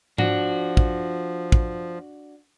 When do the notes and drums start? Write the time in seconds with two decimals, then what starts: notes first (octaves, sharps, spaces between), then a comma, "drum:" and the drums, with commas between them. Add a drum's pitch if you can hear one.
0.18 F3 D4 F#4, drum: tom G#2
0.77 drum: kick
1.52 drum: kick